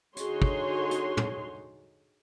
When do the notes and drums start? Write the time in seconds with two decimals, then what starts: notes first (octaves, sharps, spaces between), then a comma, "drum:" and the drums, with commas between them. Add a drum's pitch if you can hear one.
0.16 D3 D#4 F#4 G#4 C#5 C6, drum: hi-hat
0.42 drum: kick
0.91 drum: hi-hat
1.17 drum: tom